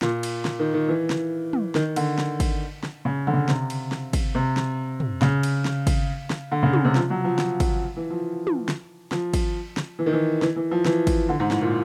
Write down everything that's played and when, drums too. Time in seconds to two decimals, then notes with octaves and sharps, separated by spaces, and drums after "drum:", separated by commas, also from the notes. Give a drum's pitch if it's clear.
0.02 A#2, drum: snare
0.23 drum: cymbal
0.45 drum: snare
0.59 D#3
0.74 D#3
0.88 E3
1.10 drum: snare
1.53 drum: tom
1.75 D#3, drum: snare
1.96 D3, drum: cymbal
2.18 drum: snare
2.40 drum: kick, cymbal
2.83 drum: snare
3.05 C#3
3.27 D3, drum: tom
3.33 C#3
3.48 C3, drum: snare
3.70 drum: cymbal
3.92 drum: snare
4.13 drum: kick, cymbal
4.35 C3
4.57 drum: snare
5.00 drum: tom
5.22 C#3, drum: snare
5.43 drum: cymbal
5.65 drum: snare
5.87 drum: kick, cymbal
6.30 drum: snare
6.52 D3
6.63 C#3
6.73 drum: tom
6.85 C3
6.95 F3, drum: snare
7.10 F#3
7.24 F3
7.38 drum: snare
7.60 drum: kick, cymbal
7.97 E3
8.10 F3
8.47 drum: tom
8.68 drum: snare
9.12 F3, drum: snare
9.34 drum: kick, cymbal
9.77 drum: snare
9.99 E3
10.06 D#3
10.13 E3
10.42 E3, drum: snare
10.56 E3
10.71 F3
10.85 E3, drum: snare
11.07 drum: kick, cymbal
11.29 D3
11.40 G#2
11.51 A2, drum: snare
11.61 A#2